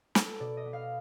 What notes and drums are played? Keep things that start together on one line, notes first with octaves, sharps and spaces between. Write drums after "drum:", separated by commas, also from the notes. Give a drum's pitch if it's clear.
B3 A4, drum: snare
B2 D5
D#5
B3
F5